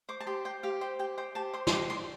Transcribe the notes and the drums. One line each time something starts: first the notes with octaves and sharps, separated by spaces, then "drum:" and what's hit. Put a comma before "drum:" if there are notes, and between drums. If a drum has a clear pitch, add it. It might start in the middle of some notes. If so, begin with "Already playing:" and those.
C5 D6
A5
G4 C6
C5 G5
G4 F5
C5 G5
G4 G5
C5 G5
G4 A5
C5 C6
C6, drum: snare
G4 D6
D5 C6